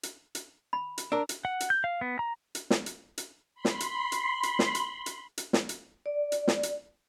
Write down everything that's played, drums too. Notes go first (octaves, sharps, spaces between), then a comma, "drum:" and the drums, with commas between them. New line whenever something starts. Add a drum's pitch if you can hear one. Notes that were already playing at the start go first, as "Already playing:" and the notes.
drum: hi-hat
drum: hi-hat
B5
drum: hi-hat
D4 A#4 E6
drum: hi-hat
F#5
drum: hi-hat
G6
F5
B3
A#5
drum: hi-hat
drum: snare
drum: hi-hat
drum: hi-hat
B5 C6
drum: snare
drum: hi-hat
drum: hi-hat
drum: hi-hat
drum: snare
drum: hi-hat
drum: hi-hat
drum: hi-hat
drum: snare
drum: hi-hat
D5
drum: hi-hat
drum: snare
drum: hi-hat